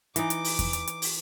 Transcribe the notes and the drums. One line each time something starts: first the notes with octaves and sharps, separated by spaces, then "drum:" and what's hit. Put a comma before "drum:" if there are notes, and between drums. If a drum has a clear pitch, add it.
E3 D#4 D6, drum: hi-hat
drum: hi-hat
drum: open hi-hat
drum: kick E2, hi-hat
drum: hi-hat
drum: hi-hat
drum: open hi-hat